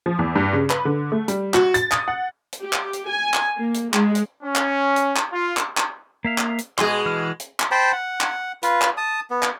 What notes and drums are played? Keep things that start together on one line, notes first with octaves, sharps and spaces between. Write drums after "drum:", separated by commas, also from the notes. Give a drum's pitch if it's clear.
F3
E2
G2
C#3
B4, drum: clap
D3
A3
G3, drum: hi-hat
F#4, drum: clap
A6, drum: hi-hat
D#6, drum: clap
F#5
drum: hi-hat
G4
drum: clap
drum: hi-hat
G#5
drum: clap
A#3
drum: hi-hat
G#3, drum: clap
drum: hi-hat
C#4
drum: clap
drum: hi-hat
drum: clap
F4
drum: clap
drum: clap
A#3 E5 F5
drum: clap
drum: hi-hat
B2 G#3 G#4 D#5 G#5 C6, drum: clap
E3 F6
drum: hi-hat
drum: clap
C5 G5 A5 B5
F#5
drum: clap
F4 B4, drum: hi-hat
drum: clap
A5 D#6
B3
drum: clap